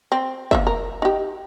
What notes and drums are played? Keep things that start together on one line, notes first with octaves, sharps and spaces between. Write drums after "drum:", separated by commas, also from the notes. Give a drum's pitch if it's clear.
C4
A#3 B3 E5, drum: kick
A#4
D#4 G4